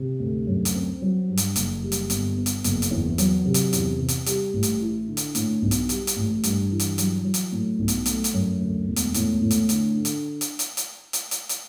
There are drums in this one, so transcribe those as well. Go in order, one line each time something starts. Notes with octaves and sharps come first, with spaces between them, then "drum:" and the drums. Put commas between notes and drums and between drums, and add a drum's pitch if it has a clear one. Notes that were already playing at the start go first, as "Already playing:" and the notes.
Already playing: C3
D2
F#2
drum: hi-hat
C4
F#3
G2
drum: hi-hat
F#1, drum: hi-hat
G3
drum: hi-hat
G1, drum: hi-hat
B3
drum: hi-hat
F#1, drum: hi-hat
drum: hi-hat
E2
F#3, drum: hi-hat
C3
drum: hi-hat
E2, drum: hi-hat
C3
drum: hi-hat
G3, drum: hi-hat
A1
drum: hi-hat
E4
D3
drum: hi-hat
A2, drum: hi-hat
B1
drum: hi-hat
G3, drum: hi-hat
drum: hi-hat
A1
G2, drum: hi-hat
E3
drum: hi-hat
F#3, drum: hi-hat
F#3
drum: hi-hat
A2
B1
drum: hi-hat
A3, drum: hi-hat
drum: hi-hat
F#2
D2
E1
drum: hi-hat
A2, drum: hi-hat
A2
drum: hi-hat
D3, drum: hi-hat
D3
drum: hi-hat
drum: hi-hat
drum: hi-hat
drum: hi-hat
drum: hi-hat
drum: hi-hat
drum: hi-hat